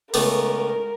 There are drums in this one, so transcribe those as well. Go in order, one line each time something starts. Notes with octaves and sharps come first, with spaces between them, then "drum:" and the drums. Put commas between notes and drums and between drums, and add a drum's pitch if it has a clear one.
C#2 A3 B3 A#4, drum: open hi-hat